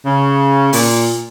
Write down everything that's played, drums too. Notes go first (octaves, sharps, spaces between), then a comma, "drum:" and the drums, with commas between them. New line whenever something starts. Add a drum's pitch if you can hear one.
C#3
A#2, drum: open hi-hat